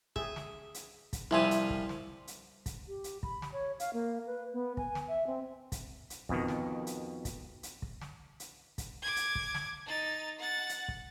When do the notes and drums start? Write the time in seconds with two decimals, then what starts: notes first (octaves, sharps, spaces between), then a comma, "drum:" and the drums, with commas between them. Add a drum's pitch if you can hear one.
0.16 G#4 E5, drum: kick
0.36 drum: snare
0.74 drum: hi-hat
1.13 drum: kick, hi-hat
1.31 C2 F3 E4 F4 E5 G#5
1.51 drum: hi-hat
1.70 drum: kick
1.89 drum: snare
2.27 drum: hi-hat
2.66 drum: kick, hi-hat
2.88 G4
3.04 drum: hi-hat
3.23 B5, drum: kick
3.42 drum: snare
3.52 C#5
3.80 F5, drum: hi-hat
3.93 A#3
4.26 B4
4.53 B3
4.77 G#5, drum: kick
4.95 drum: snare
5.08 E5
5.27 C4
5.72 drum: kick, hi-hat
6.10 drum: hi-hat
6.29 F2 B2 D#3, drum: kick
6.48 drum: snare
6.87 drum: hi-hat
7.25 drum: kick, hi-hat
7.63 drum: hi-hat
7.82 drum: kick
8.01 drum: snare
8.40 drum: hi-hat
8.78 drum: kick, hi-hat
9.02 D6 G#6
9.16 drum: hi-hat
9.35 drum: kick
9.54 drum: snare
9.86 D#4 A6
10.38 F#5 A6
10.69 drum: hi-hat
10.88 drum: kick